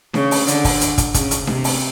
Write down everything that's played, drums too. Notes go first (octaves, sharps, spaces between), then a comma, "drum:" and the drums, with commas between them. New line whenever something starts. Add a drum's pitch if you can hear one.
C#3, drum: snare D4
drum: open hi-hat
D3, drum: hi-hat
drum: kick, open hi-hat
drum: hi-hat
drum: kick, hi-hat
C#3, drum: kick, hi-hat
drum: hi-hat
C3, drum: snare D4
drum: open hi-hat